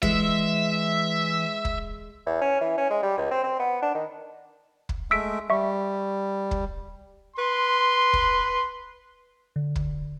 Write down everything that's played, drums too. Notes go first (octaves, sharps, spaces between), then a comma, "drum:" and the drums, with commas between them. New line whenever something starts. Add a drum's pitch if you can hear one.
E3 G#3 E5, drum: kick
drum: kick
E2
C#4
E3
C#4
G#3
G3
C#2
C4
C4
B3
D4
D#3
drum: kick
G#3 A3 E5 E6 B6 D7
G3 E5 C#6
drum: kick
B4 C6
drum: kick
D3
drum: kick